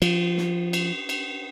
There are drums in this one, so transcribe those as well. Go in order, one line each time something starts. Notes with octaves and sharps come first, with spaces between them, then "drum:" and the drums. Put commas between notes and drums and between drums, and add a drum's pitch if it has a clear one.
F3, drum: cymbal
drum: snare
drum: cymbal
drum: cymbal